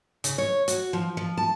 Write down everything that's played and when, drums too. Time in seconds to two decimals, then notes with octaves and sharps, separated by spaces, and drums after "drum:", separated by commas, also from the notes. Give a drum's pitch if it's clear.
0.24 C#3, drum: hi-hat
0.38 C#5
0.68 F#4, drum: hi-hat
0.93 F3
1.17 F3
1.37 A5